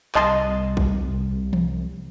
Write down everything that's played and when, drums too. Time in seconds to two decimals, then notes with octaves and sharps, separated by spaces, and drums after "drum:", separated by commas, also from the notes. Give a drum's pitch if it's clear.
0.15 C2 D#5 A5 C6, drum: clap
0.77 drum: kick
1.53 drum: tom E3